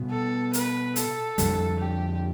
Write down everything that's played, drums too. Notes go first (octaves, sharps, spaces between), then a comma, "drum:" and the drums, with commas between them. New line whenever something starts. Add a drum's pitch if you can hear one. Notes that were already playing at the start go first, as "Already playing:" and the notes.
Already playing: B2 G3 B3
A4
B4, drum: hi-hat
A4, drum: hi-hat
F2 D3 G3, drum: hi-hat
G4